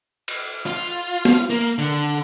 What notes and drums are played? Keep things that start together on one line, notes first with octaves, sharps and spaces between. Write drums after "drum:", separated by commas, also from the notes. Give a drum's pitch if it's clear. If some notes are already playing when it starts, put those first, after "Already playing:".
drum: cymbal
F4
drum: snare
A#3
D3